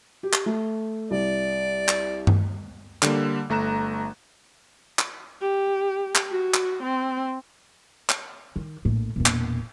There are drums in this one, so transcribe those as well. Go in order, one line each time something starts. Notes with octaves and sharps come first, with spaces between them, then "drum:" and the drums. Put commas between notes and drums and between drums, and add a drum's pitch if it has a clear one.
G4
drum: clap
A3
C2 D5
drum: clap
drum: tom G2
D3 G3 A#3, drum: clap
G1 A3 A#5 F#6 E7
drum: clap
G4
drum: clap
F#4
drum: clap
C4
drum: clap
D#3
A#1 A2
E1 A#2
drum: clap